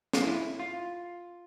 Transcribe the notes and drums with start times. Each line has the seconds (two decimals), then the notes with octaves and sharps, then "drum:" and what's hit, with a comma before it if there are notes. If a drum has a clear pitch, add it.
0.13 F4, drum: snare
0.21 E4
0.59 F4